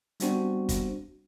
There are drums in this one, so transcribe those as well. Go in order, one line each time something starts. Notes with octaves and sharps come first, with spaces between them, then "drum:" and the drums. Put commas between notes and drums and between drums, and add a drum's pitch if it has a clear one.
G3 B3 C4 D4 F#4 C5, drum: hi-hat
drum: kick, hi-hat